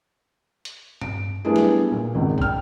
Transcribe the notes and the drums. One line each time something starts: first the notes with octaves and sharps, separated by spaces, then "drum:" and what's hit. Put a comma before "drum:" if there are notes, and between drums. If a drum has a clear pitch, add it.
drum: hi-hat
D7, drum: tom G2
G3 A3 B3 D4 E4 G#4
drum: snare
A#2
G#1 C#2 D#3
G5 F6, drum: kick A#1